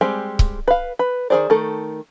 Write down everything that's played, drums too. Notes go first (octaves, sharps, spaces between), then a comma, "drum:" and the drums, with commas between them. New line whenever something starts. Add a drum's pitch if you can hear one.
G3 G#3 C4 G4 G#5
drum: kick C#1
B4 F5
B4
D#3 A#3 G#4 C5 D5
D#3 A3 A4